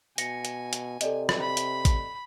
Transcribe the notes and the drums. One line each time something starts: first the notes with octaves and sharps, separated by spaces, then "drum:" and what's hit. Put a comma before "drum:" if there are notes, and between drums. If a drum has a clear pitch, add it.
B2 G#5 A#6 C#7, drum: hi-hat
drum: hi-hat
drum: hi-hat
C3 A4 D5 D#5, drum: hi-hat
drum: rim click
B5
drum: hi-hat
drum: kick A1, hi-hat